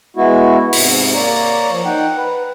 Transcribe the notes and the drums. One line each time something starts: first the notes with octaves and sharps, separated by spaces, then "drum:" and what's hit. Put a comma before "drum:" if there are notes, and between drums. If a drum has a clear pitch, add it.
G#3 B3 E4 F#4
G#2 C3, drum: open hi-hat
A#3 C#5 D5 A#5
F3
D#4 F#5 G5
B4